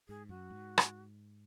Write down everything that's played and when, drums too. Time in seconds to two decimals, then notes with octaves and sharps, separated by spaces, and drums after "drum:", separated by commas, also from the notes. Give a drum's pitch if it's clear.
0.08 G#2 G#4
0.29 F#2 F#4
0.50 G#2
0.78 drum: rim click